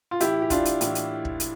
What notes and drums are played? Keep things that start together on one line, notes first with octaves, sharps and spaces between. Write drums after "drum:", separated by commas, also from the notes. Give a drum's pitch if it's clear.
F4
A2 E3 E4 G4, drum: hi-hat
G4
D4 F4, drum: kick, hi-hat
drum: hi-hat
A2 E3, drum: hi-hat
drum: hi-hat
drum: kick
drum: hi-hat